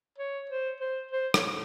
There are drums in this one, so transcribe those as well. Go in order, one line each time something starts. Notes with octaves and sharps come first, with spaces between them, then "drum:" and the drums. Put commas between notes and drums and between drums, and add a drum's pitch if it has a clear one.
C#5
C5
C5
C5
C#5, drum: rim click